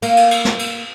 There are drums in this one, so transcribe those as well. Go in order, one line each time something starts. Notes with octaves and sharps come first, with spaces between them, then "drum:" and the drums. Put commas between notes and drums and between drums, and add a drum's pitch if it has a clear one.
A#3, drum: cymbal
drum: cymbal
drum: cymbal
drum: snare
drum: cymbal